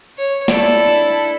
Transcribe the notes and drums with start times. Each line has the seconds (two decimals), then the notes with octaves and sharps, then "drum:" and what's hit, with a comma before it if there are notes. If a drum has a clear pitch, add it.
0.18 C#5
0.48 E4 A4 D5, drum: snare
0.87 D4